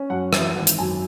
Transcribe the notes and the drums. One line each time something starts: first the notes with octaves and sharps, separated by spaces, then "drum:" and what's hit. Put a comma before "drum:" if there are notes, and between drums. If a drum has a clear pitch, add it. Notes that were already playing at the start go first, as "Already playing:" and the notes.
Already playing: C#4
F#2 F#5
E3 E5, drum: rim click
G#1 F#5
drum: hi-hat
F#2 G#5